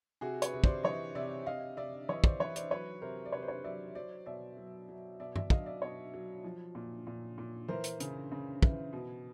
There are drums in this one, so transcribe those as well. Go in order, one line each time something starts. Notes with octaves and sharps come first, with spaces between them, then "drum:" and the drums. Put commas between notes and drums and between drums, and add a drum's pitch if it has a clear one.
C3 F#4 G#4
B4 C#5, drum: hi-hat
C3
C5 D5, drum: kick
E3 C#5 D#5
C3 D5 E5
C3 D#5 F5
C3 D5 E5
E3 C#5 D#5
C5 D5, drum: kick
E3 B4 C#5
C5 D5, drum: hi-hat
F#3 B4 C#5
C3 A#4 C5
D5
C3 B4 C#5
C5
B4 C#5
F#3 D5 E5
F#3 C5 D5
B2 D5 E5
F#3
F#3
B2 D5 E5
D5 E5, drum: tom G2
F#3 D#5 F5, drum: kick
D5 E5
B2 C#5 D#5
F#3
F3
A#2
A#2
A#2
E3 A#4 C5
drum: hi-hat
C#3, drum: hi-hat
C#3
E3, drum: kick
B2